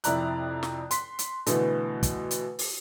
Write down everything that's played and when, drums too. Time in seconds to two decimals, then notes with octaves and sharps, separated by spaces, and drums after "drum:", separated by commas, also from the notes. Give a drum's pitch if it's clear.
0.04 F2 C3 E4 D5 A#5 F#6, drum: hi-hat
0.63 drum: snare
0.91 C6 B6, drum: hi-hat
1.19 drum: hi-hat
1.46 B2 D3 E3 A3 B3, drum: hi-hat
2.03 drum: kick, hi-hat
2.31 drum: hi-hat
2.59 drum: open hi-hat